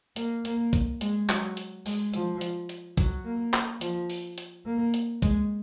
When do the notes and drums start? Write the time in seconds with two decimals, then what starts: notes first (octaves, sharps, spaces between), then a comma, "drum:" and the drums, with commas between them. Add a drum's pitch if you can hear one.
0.16 A#3, drum: hi-hat
0.45 A#3, drum: hi-hat
0.73 drum: kick, hi-hat
1.01 G#3, drum: hi-hat
1.29 F#3, drum: clap
1.57 drum: hi-hat
1.86 G#3, drum: open hi-hat
2.13 F3, drum: hi-hat
2.41 drum: hi-hat
2.69 drum: hi-hat
2.97 F#3, drum: kick, hi-hat
3.25 A#3
3.53 drum: clap
3.81 F3, drum: hi-hat
4.10 drum: open hi-hat
4.38 drum: hi-hat
4.66 A#3
4.94 drum: hi-hat
5.22 G#3, drum: kick, hi-hat